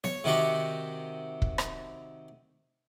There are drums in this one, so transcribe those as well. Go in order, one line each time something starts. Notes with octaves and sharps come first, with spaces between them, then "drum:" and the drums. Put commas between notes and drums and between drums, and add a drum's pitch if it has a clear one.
C#5, drum: snare B3
C3 D#3 F#4 G4
drum: kick
drum: rim click